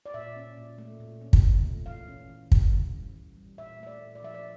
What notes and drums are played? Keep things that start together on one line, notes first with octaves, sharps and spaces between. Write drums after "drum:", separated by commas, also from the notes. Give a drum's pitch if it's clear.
D5
A#2 E5
C#4
A#2
A3
A#2
C#4
drum: kick
A#2
A3
E3 F5
C#4
E3
G3, drum: kick
E3
C#4
E3
G3
A#2 E5
A3 E5
D5
A#2
D5
F3 E5
D5